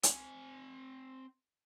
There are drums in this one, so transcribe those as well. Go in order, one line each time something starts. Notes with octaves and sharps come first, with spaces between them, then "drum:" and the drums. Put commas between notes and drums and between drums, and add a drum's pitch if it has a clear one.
C4 G#5, drum: hi-hat